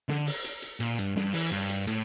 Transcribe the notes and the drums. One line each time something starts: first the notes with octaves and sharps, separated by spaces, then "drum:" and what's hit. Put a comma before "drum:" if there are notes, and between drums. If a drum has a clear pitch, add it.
D3, drum: snare
drum: open hi-hat
drum: hi-hat
drum: hi-hat
A#2, drum: hi-hat
G2, drum: hi-hat
G2, drum: snare
E3, drum: open hi-hat
G2, drum: hi-hat
drum: hi-hat
A2, drum: hi-hat